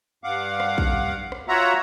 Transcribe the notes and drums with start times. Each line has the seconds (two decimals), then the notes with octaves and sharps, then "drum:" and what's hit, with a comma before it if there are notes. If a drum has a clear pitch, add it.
0.24 G2 F5 F#5 D6
0.60 drum: rim click
0.78 drum: kick
1.32 drum: rim click
1.48 F4 F#4 C#5 E5 F#5 A#5